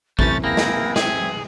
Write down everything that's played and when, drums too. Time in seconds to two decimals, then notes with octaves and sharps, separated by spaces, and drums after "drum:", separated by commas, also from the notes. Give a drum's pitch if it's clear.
0.19 F#2 C3 E3 A3 C#4 B4 C5 A6, drum: kick A1
0.44 A#3 E4 G#4 G5 A#6
0.57 drum: snare
0.96 C4 G#4 E5 G#5 G#6, drum: snare